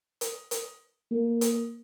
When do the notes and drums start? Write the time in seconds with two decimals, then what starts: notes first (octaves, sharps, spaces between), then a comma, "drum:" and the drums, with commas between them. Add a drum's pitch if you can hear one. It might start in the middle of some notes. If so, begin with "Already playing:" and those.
0.21 drum: hi-hat
0.51 drum: hi-hat
1.11 A#3
1.41 drum: hi-hat